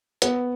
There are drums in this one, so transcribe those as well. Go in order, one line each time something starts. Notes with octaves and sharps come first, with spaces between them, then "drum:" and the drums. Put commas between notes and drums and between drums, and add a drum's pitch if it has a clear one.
B3, drum: hi-hat